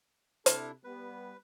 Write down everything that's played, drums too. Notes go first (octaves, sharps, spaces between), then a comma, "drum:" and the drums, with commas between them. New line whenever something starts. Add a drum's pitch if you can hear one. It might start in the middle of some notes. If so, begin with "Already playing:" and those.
C3 D4 E4 A4, drum: hi-hat
G3 B3 B4